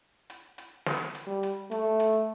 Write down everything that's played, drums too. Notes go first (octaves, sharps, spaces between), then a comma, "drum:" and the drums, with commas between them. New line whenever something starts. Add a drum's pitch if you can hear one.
drum: hi-hat
drum: hi-hat
drum: snare
drum: hi-hat
G3
drum: hi-hat
A3, drum: hi-hat
drum: hi-hat